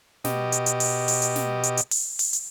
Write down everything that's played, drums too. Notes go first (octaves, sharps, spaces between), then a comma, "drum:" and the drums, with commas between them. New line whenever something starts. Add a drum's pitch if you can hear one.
B2 G4 D#5, drum: snare
drum: hi-hat
drum: hi-hat
drum: open hi-hat
drum: open hi-hat
drum: hi-hat
drum: snare
drum: hi-hat
drum: hi-hat
drum: open hi-hat
drum: open hi-hat
drum: hi-hat